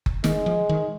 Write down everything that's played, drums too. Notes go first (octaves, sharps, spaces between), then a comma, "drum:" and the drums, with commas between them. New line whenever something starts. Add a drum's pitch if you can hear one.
drum: kick F#1
D#3 G#3, drum: snare
F3
D#3